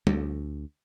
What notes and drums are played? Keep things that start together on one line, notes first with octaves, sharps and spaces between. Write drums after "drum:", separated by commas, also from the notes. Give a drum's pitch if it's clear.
D2, drum: tom